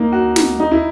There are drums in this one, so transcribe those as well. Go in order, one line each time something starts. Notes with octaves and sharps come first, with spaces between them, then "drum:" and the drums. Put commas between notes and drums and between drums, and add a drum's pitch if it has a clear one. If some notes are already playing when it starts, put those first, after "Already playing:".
Already playing: A#3 D#4
F#4
drum: snare
D#4
E4